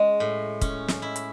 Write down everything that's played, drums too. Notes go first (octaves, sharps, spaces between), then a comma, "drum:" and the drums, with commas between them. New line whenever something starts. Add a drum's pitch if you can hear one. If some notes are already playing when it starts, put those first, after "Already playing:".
Already playing: G#3 C#4
A2
C#4, drum: kick, hi-hat
drum: snare
E4
drum: hi-hat